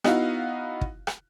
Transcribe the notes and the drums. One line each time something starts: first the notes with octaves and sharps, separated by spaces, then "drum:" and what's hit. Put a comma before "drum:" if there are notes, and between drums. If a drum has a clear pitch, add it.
B3 D#4 E4 F#4 F5, drum: rim click
drum: kick
drum: rim click